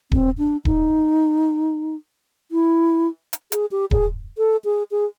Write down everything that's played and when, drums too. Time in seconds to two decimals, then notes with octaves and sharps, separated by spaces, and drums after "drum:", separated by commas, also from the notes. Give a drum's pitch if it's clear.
0.12 C4, drum: kick D#1
0.38 D4
0.65 D#4, drum: kick D#1
2.52 E4
3.33 drum: hi-hat
3.52 G#4, drum: hi-hat
3.71 G4
3.91 G#4, drum: kick D#1
4.38 A4
4.65 G#4
4.91 G#4